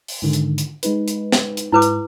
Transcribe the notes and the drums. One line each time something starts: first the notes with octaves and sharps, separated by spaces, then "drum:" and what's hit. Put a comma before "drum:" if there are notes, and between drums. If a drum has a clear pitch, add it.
drum: open hi-hat
G#2 D3 D#3
drum: hi-hat
drum: hi-hat
G#3 D#4 B4, drum: hi-hat
drum: hi-hat
drum: snare
drum: hi-hat
G#2 E4 B4 D6
drum: hi-hat